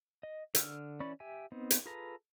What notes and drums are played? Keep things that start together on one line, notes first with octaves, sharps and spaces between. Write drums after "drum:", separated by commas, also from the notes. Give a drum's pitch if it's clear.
D#5
D3 E6 F6, drum: hi-hat
E3 C#4 D5 B5 C#6
G4 E5 G5 G#5
B3 C4 D#4
drum: hi-hat
F4 G#4 A4 B4 A#5